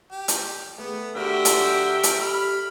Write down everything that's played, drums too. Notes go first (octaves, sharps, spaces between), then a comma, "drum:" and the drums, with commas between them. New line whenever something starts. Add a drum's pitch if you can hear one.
G4
drum: hi-hat
A3 B3
D3 F#4 G4 A#4 D5 E5 G5
drum: hi-hat
drum: hi-hat
G4 B5 F6